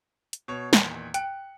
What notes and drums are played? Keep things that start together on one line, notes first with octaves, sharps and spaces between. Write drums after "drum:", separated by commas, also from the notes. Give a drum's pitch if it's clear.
drum: hi-hat
B2 C#5 F7
E2 A#2 D#3, drum: snare
G5 F#6 C#7, drum: hi-hat